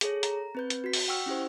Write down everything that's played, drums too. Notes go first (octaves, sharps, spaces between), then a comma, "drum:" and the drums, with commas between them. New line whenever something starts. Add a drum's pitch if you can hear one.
G#4 A4 C#5, drum: hi-hat
A#5, drum: hi-hat
C4 B4 G6
drum: hi-hat
F#4 B6
drum: open hi-hat
F#5 G5 C#6 E6 F6
C#4 E4 G4 C5